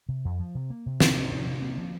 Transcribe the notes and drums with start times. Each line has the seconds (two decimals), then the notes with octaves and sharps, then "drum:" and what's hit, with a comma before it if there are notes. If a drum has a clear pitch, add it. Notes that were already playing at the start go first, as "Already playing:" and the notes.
0.09 C3
0.25 F2
0.40 F3
0.55 C3
0.70 A#3
0.86 C3
1.00 C3, drum: snare
1.16 F3
1.31 C3
1.47 C3
1.62 A#3
1.78 F3